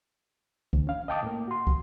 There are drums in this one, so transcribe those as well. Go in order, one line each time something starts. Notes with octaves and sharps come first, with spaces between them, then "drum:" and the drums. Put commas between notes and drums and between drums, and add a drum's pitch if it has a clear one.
D2, drum: kick
C#4 F5
D#5 F5 G5 A5 D6 D#6
A2 A#3
F#4 C6
drum: kick